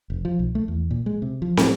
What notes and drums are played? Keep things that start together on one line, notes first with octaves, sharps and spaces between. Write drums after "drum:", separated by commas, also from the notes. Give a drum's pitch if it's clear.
F1
F3
B1
A3
E2
A#2
G#3
C3
F3
A2, drum: snare